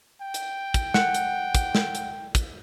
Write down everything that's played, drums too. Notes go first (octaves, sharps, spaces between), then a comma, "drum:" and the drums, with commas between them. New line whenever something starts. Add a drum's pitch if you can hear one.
G5
drum: hi-hat
drum: kick, hi-hat
F#5, drum: snare
drum: hi-hat
drum: kick, hi-hat
drum: snare
drum: hi-hat
drum: kick, hi-hat